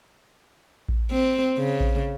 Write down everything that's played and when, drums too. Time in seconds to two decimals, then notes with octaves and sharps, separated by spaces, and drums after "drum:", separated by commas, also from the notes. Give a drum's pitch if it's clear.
0.89 drum: kick A1
1.11 C4
1.57 C#3
1.80 drum: kick A1